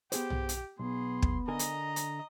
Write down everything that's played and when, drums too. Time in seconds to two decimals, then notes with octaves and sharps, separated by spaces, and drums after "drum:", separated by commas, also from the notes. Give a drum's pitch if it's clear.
0.12 B3 G4 G#4 C5, drum: hi-hat
0.30 drum: tom B1
0.49 drum: hi-hat
0.79 B1 B3 G#4 C6
1.22 drum: kick
1.48 D3 A#4 D#5 G#5 A#5
1.59 drum: hi-hat
1.96 drum: hi-hat